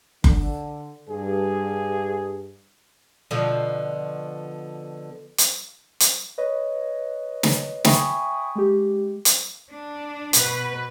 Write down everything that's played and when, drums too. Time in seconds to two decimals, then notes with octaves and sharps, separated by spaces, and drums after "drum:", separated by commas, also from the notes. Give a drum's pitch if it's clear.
0.24 D3, drum: kick F#1
1.09 G2 G#4
3.31 B2 D3 F3
5.38 drum: hi-hat
6.00 drum: hi-hat
6.38 B4 C#5 D#5
7.43 drum: snare
7.84 E5 G5 G#5 B5 C#6 D#6, drum: snare
8.55 G#3 G4
9.25 drum: hi-hat
9.71 D4
10.33 B2 B4, drum: hi-hat